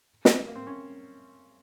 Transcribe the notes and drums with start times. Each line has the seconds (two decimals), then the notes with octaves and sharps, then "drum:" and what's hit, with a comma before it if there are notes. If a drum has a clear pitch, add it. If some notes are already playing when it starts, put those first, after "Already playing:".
0.25 drum: snare
0.47 A#3
0.55 C4
0.67 C#4